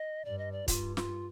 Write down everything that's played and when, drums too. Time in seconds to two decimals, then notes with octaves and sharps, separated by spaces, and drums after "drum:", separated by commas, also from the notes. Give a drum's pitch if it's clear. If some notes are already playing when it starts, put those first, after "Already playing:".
Already playing: D#5
0.25 G2 D5
0.38 D#5
0.52 D5
0.68 G2 F4, drum: kick, hi-hat
0.97 F4, drum: snare